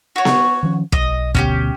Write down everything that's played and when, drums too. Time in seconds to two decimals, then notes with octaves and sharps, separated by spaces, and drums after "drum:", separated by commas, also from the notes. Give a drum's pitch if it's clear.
0.16 F#4 C#5
0.25 drum: snare B3
0.63 D#3 F3 C#4
0.92 B1 D#5, drum: kick
1.35 D2 B2 C#4 F#4 G4, drum: kick